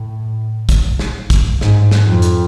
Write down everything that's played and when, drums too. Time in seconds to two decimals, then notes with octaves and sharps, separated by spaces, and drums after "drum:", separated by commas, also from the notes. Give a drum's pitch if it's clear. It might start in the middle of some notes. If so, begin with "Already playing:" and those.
Already playing: A2
0.69 drum: kick, hi-hat
0.99 drum: snare
1.30 drum: kick, hi-hat
1.61 G#2, drum: snare
1.91 drum: snare
2.06 F2
2.22 drum: hi-hat